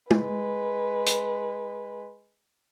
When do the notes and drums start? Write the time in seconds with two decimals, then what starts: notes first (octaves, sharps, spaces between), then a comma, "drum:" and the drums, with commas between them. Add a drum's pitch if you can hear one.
0.11 G#3 B4, drum: tom
1.06 drum: hi-hat